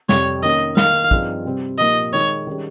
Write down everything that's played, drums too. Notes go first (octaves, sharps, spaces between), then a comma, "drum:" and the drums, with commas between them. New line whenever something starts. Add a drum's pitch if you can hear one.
F2 C3 G3 C#5, drum: snare
D#3 A#3 C#4 D#5
D#3 A#3 D#4 F5, drum: snare
G2 F3 C4 D#4 G#4, drum: kick
C3 G3 C4
A#2 F3 A#3 D#4 G4 D#5
D#3 G#3 D#4 G#4 C#5
D#3 G3 C#4 G#4